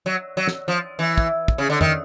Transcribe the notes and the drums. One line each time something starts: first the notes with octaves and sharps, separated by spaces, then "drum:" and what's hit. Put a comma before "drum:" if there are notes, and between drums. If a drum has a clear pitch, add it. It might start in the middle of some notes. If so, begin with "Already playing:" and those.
F#3
F#3
drum: snare
F3
E3
drum: kick
drum: kick
C#3
D3
D#3, drum: tom